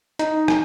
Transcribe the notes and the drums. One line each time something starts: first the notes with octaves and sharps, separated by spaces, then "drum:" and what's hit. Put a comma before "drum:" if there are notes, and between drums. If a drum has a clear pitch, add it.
D#4, drum: hi-hat
drum: rim click